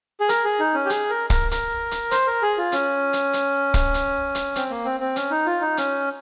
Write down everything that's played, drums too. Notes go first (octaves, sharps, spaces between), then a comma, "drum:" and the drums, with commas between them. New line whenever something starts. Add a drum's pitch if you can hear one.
G#4
A#4, drum: hi-hat
G#4
D#4
C#4
G4
G#4, drum: hi-hat
A#4
A#4, drum: kick, hi-hat
A#4, drum: hi-hat
drum: hi-hat
C5, drum: hi-hat
A#4
G#4
F4
C#4, drum: hi-hat
drum: hi-hat
drum: hi-hat
drum: kick, hi-hat
drum: hi-hat
drum: hi-hat
C4, drum: hi-hat
A#3
C4
C4
C#4, drum: hi-hat
D#4
F4
D#4
C#4, drum: hi-hat